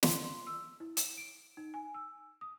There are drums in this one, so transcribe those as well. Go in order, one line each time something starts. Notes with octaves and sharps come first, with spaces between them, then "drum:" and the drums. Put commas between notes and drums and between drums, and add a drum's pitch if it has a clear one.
C6, drum: snare
C6
E6
E4
E7, drum: hi-hat
D7
D#4
G#5
E6
D#6